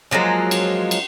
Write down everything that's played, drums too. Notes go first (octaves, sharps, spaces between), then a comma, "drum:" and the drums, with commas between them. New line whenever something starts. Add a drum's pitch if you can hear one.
F3 F#3 G#3 A#3
drum: cymbal
drum: cymbal